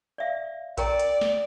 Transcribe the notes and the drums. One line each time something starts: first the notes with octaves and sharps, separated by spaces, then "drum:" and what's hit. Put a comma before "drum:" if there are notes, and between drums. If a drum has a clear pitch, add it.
D5 E5 F5
A#4 D5 G5 A#5, drum: kick A#1, hi-hat
drum: hi-hat
drum: snare